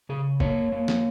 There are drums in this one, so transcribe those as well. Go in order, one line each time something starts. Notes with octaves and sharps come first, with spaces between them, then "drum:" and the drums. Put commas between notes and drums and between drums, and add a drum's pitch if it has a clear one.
C#3 G#4
A#3 C#5, drum: kick
A#3
drum: snare